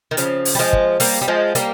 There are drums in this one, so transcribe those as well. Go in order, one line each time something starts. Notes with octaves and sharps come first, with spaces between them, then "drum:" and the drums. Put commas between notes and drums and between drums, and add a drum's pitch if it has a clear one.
D#3
C#3 F3, drum: hi-hat
drum: open hi-hat
G3
F3 G#3
drum: kick
G3 A#3, drum: open hi-hat
G3
F3 G#3
G3 A#3, drum: hi-hat